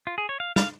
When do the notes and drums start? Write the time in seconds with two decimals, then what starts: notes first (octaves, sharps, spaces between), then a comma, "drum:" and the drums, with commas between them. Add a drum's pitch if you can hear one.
0.07 F4
0.18 G#4
0.29 C#5
0.40 F5
0.56 F5, drum: snare